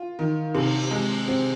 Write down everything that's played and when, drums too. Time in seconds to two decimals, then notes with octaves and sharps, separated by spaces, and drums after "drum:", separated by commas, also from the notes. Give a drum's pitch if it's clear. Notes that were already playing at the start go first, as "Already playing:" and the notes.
Already playing: F4
0.19 D#3
0.55 C3, drum: cymbal
0.91 G#3
1.28 C4